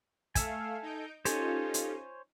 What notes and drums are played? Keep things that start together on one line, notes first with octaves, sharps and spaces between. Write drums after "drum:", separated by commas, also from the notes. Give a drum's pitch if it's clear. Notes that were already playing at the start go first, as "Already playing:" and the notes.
A3 A4 E5 F5 G#5, drum: kick, hi-hat
D#4 G6 D7
C#4 D#4 F4 G4 A4 C5 C#5 G#5, drum: hi-hat
drum: hi-hat